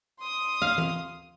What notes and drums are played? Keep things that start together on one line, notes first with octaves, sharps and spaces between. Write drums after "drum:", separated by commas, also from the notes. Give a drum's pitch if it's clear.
C6 D#6
F5
drum: tom E3